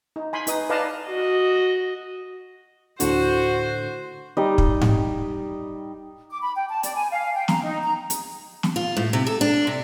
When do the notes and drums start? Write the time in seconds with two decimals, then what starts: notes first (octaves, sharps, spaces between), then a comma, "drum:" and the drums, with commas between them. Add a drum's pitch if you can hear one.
0.16 D#4
0.33 G#5 B5 C6
0.47 D#4 B4 D#6, drum: hi-hat
0.70 B4 D5 D#5 F5 A5
1.08 F#4 D#5
3.00 D2 A2 D3 F#4 C5, drum: hi-hat
4.37 G3 D#4 D#5
4.58 drum: kick
4.81 drum: tom G#2
6.30 D6
6.42 B5
6.55 G5
6.70 A5
6.83 D5, drum: hi-hat
6.95 G#5
7.11 F5
7.35 G5
7.48 A#5, drum: snare
7.64 D#4
7.83 A#5
8.10 drum: hi-hat
8.63 drum: snare
8.76 F4
8.97 A2
9.13 C3
9.27 A4
9.41 D4
9.67 C3